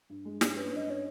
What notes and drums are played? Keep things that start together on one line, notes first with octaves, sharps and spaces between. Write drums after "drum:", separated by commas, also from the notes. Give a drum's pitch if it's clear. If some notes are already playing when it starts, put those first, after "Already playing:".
G2
G#3
G2, drum: snare
C#4 B4
G2 D#5
C#4 C#5